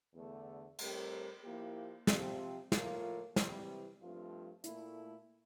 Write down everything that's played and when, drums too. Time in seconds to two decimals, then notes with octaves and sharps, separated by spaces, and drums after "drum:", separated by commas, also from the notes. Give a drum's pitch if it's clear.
0.14 E2 D3 A3
0.78 A2 G3 C4 G4 A#4, drum: cymbal
1.43 F3 A#3 E4 G4
2.07 C3 F3 C4, drum: snare
2.72 A2 F3 A#3 F4 A#4, drum: snare
3.36 C3 E3 G3, drum: snare
4.00 G2 F3 A3 C4 F4
4.64 A#2 A3 E4, drum: hi-hat